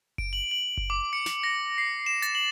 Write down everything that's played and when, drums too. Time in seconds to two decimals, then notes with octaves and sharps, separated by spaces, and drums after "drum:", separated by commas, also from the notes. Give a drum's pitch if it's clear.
0.18 D7, drum: kick F#1
0.33 F#7
0.51 F#7
0.78 drum: kick F#1
0.90 D6
1.13 C#7
1.26 drum: snare
1.43 A#6
1.78 C7
2.06 E7
2.22 A6, drum: hi-hat
2.35 F#7